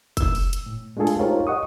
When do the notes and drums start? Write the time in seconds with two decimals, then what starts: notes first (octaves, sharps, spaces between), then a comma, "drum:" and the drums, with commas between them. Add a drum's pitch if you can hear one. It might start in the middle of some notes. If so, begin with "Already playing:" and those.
0.17 E6, drum: kick, hi-hat
0.35 drum: open hi-hat
0.53 drum: hi-hat
0.66 A2
0.97 G#3 A3 D4 F4 G#4 A4
1.07 drum: open hi-hat
1.19 D#4 F4 G4 A#4 C5 C#5
1.47 D#5 F#5 C#6 D#6